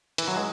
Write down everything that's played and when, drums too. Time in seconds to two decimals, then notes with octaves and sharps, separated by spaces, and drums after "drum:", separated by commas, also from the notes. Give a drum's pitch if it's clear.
0.18 E3, drum: hi-hat
0.28 F#3
0.36 G#3